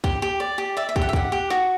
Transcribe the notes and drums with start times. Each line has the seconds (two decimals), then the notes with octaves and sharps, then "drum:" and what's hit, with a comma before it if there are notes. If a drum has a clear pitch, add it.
0.04 G4 G5, drum: kick
0.22 G4
0.40 D5
0.58 G4
0.77 D5 E5
0.89 E5
0.96 G4, drum: kick
1.01 F#5
1.09 E5
1.13 G4 F#5, drum: kick
1.32 G4
1.50 F#4, drum: snare